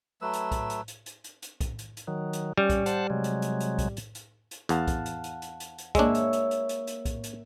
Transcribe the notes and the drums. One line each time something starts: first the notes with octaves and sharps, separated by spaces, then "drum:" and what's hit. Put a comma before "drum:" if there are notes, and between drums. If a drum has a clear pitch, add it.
F#3 A3 B4 E6
drum: hi-hat
drum: kick, hi-hat
drum: hi-hat
drum: hi-hat
drum: hi-hat
drum: hi-hat
drum: hi-hat
drum: kick, hi-hat
drum: hi-hat
drum: hi-hat
D#3 F#3
drum: hi-hat
G3 C#4
drum: kick, hi-hat
C5 F#5 A5, drum: hi-hat
C3 F#3 G#3
drum: hi-hat
drum: hi-hat
drum: hi-hat
drum: kick, hi-hat
drum: hi-hat
drum: hi-hat
drum: hi-hat
E2 F5 F#5 A5, drum: hi-hat
drum: kick, hi-hat
drum: hi-hat
drum: hi-hat
drum: hi-hat
drum: hi-hat
drum: hi-hat
G#3 A#3 D4 C#5 E5, drum: kick, hi-hat
drum: hi-hat
drum: hi-hat
drum: hi-hat
drum: hi-hat
drum: hi-hat
drum: kick, hi-hat
drum: hi-hat